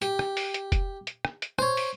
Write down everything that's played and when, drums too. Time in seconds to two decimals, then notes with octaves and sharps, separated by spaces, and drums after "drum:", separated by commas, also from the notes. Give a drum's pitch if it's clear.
0.02 G4, drum: hi-hat
0.19 drum: rim click
0.37 drum: open hi-hat
0.54 drum: hi-hat
0.72 drum: kick F1, hi-hat
1.07 drum: hi-hat
1.25 drum: rim click
1.42 drum: hi-hat
1.59 C5 C#5, drum: rim click
1.77 drum: open hi-hat